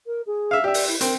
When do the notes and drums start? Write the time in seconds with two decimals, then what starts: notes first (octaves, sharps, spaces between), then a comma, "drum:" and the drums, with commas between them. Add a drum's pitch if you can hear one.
0.07 A#4
0.27 G#4
0.51 E5 F5
0.64 G4 D5 E5
0.74 drum: open hi-hat
0.88 E4
1.01 C4 A#4, drum: hi-hat